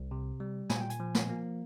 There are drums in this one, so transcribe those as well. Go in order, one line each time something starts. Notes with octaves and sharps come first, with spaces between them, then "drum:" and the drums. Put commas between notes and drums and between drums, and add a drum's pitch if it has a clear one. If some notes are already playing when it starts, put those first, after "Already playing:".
Already playing: C2
C3
G3
A#2 G#5, drum: snare
G5
G#5, drum: hi-hat
F3
drum: snare
A#3